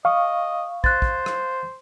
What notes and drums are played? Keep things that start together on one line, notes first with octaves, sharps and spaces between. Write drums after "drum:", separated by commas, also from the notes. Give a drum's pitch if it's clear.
D#5 F5 C#6 D#6
C5 F#6 A6, drum: kick
drum: kick
drum: rim click